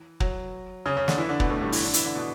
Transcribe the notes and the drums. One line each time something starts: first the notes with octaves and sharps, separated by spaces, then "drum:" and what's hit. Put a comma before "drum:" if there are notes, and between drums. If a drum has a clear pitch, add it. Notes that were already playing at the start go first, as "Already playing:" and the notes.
Already playing: E3
F#3, drum: kick
C#3 C#4
C#3 C#4
D3 D4, drum: snare
E3 E4
D3 D4
B2 B3, drum: kick
A2 A3
G2 G3
E3 E4, drum: open hi-hat
D3 D4
E3 E4, drum: hi-hat
D3 D4
B2 B3